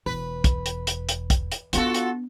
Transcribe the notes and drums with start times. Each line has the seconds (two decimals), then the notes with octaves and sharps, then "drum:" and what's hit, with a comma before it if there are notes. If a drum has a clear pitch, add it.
0.06 E1 B4
0.44 drum: kick, hi-hat
0.66 drum: hi-hat
0.87 drum: hi-hat
1.09 drum: hi-hat
1.30 drum: kick, hi-hat
1.52 drum: hi-hat
1.73 B3 D4 F4 F#4 A4, drum: hi-hat
1.94 drum: hi-hat